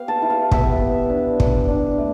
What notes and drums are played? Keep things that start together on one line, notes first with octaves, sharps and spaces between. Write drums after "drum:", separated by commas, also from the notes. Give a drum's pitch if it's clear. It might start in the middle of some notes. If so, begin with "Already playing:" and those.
Already playing: B3 G4 F5
A5
E4
F5
B3 E5, drum: kick
B3
D4
D4, drum: kick
D4
A3